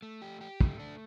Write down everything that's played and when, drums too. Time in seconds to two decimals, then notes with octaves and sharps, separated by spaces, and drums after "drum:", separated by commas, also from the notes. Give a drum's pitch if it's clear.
0.02 A3
0.22 G4
0.41 G4
0.61 A3, drum: kick
0.79 D4